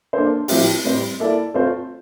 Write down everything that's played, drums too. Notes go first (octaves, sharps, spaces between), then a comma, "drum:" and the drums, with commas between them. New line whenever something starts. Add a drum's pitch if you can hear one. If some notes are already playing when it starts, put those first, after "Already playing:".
A#3 D4 A4 C5
A2 F3 C4 E4 G4, drum: open hi-hat
A2 G3 C4 G4 C5
A#3 E4 A4 D5
A3 C4 F4 C5